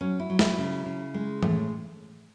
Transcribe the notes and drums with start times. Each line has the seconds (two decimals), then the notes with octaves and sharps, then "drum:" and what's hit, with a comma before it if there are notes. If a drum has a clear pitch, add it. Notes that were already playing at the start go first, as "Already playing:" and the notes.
0.01 F#3 C#4
0.20 E4
0.30 F#3
0.39 E4, drum: snare
0.58 C#3
0.86 C#3
1.14 G#3
1.43 A2, drum: tom E3